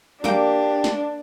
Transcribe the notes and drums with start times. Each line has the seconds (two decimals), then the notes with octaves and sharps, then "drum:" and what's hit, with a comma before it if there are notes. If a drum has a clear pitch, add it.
0.24 A#3 D4 G4 G5, drum: tom
0.84 drum: snare